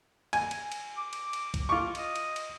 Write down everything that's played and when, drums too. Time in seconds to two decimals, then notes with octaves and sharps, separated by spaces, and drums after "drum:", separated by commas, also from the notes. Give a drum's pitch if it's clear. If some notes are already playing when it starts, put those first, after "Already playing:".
0.33 G#5, drum: cymbal
0.51 drum: cymbal
0.72 drum: cymbal
0.97 D6
1.13 drum: cymbal
1.33 drum: cymbal
1.54 drum: kick, cymbal
1.69 F4 C#6 D6
1.95 D#5, drum: cymbal
2.16 drum: cymbal
2.36 drum: cymbal